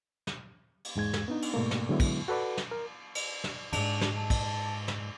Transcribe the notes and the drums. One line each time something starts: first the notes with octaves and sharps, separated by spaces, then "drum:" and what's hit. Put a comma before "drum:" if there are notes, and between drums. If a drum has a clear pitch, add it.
drum: snare
drum: cymbal
E2 G#2 G#3 G#6
drum: snare
B3 D4 D#4
drum: cymbal
G#2 B2 A3 A#3
drum: snare
D3 F#3 G#3 B3 E4
drum: kick, cymbal
F#4 A4 B4 D5 F#5
drum: snare
A#4
drum: cymbal
drum: snare
E2 G#2 D4, drum: cymbal
drum: snare
A5
drum: kick, cymbal
drum: snare